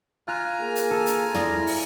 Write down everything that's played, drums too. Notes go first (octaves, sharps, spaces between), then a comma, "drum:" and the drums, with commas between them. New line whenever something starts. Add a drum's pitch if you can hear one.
F4 G#5 A#5 F#6
A#3 G#4
drum: hi-hat
A4
drum: hi-hat
E4 D5 D#6 A#6, drum: tom
drum: open hi-hat